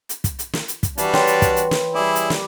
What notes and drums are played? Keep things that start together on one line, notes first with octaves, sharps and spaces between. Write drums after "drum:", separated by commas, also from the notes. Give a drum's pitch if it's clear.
drum: hi-hat
drum: kick, hi-hat
drum: hi-hat
drum: snare
drum: hi-hat
drum: kick, hi-hat
E3 G3 D4 F#4, drum: hi-hat
C#5 G5 C6, drum: snare
drum: hi-hat
drum: kick, hi-hat
drum: hi-hat
drum: snare
G3 E4 G#4 D5
drum: hi-hat
drum: snare